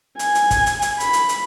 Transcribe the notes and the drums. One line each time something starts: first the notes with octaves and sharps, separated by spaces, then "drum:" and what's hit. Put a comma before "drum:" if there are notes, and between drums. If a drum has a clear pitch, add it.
G#5, drum: hi-hat
drum: hi-hat
drum: kick, hi-hat
drum: hi-hat
drum: hi-hat
B5, drum: hi-hat
drum: hi-hat
drum: hi-hat